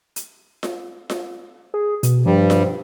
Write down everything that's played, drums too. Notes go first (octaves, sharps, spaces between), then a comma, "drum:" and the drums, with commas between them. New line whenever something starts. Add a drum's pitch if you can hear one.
drum: hi-hat
drum: snare F4
drum: snare F4
G#4
B2, drum: hi-hat
G2 F3 G3
drum: snare F4